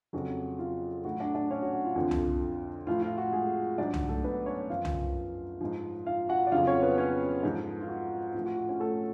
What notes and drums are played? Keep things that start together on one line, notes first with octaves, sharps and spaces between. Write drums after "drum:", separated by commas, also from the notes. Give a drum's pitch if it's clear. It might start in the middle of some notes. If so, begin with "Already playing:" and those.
F2 C#3 F#3 F#4
F4
A2 F#3 F#4
D4 D5
D4 D5
C#4 C#5
F#4
F#4
F4
F2 D3 F3
drum: tom C2
A2 F3 F4
F4
F#4
G#3 G#4
G#2 F#3 D4 D5
drum: tom C2
A3 A4
B3 B4
C#4 C#5
F#2 F3 F4 F5
drum: tom C2
G#2 F3
F4 F5
F#4 F#5
D5
F2 C#3 F#3 F4 F5
C#4 C#5
B3 B4
C#4 C#5
G#2 F3
F4
F#4
A2 F3 F4
F#4
F#4
C#4 C#5
A3 A4